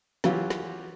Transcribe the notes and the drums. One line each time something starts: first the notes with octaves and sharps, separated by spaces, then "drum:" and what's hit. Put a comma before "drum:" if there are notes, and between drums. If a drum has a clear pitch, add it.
E3 F#3 F4 G4, drum: snare
drum: snare